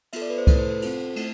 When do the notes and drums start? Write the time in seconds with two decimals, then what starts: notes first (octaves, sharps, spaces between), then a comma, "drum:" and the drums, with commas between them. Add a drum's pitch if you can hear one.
0.13 B3 F4 A4 E5, drum: cymbal
0.22 D5
0.30 B4
0.38 C5
0.47 A3 E4 A4 B4, drum: kick C2, cymbal
0.59 C5
0.70 C5
0.82 C4 F4 A4, drum: cymbal
1.16 A3 E4, drum: cymbal